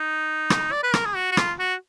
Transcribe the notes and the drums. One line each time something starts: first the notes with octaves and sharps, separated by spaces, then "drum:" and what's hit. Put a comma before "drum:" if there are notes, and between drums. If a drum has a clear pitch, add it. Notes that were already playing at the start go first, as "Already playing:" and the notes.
Already playing: D#4
drum: rim click
D5
B4
A#4, drum: rim click
G#4
F#4
F#4
F4, drum: rim click
F#4